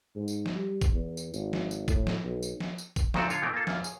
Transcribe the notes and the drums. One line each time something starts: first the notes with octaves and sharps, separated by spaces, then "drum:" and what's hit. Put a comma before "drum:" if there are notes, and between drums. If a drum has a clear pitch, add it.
G#2
drum: tambourine
drum: snare
G3
drum: kick, tambourine
E2
drum: tambourine
G#1, drum: tambourine
drum: snare
drum: tambourine
A2, drum: kick, tambourine
drum: snare
B1
drum: tambourine
drum: snare
drum: tambourine
drum: kick, tambourine
D2 A#2 D#3 C4 F#4 A4, drum: snare
D3 F4 C#5, drum: tambourine
B2 E3 F3 A3 C4 A#4
A#3 F4 A4
E2 A#3 F4, drum: snare
G#4 C#5, drum: tambourine